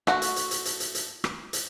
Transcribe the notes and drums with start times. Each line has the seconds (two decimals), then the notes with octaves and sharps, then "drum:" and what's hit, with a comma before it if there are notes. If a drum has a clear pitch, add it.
0.07 A3 F#4, drum: rim click
0.22 drum: hi-hat
0.36 drum: hi-hat
0.51 drum: hi-hat
0.65 drum: hi-hat
0.80 drum: hi-hat
0.95 drum: hi-hat
1.24 drum: rim click
1.53 drum: hi-hat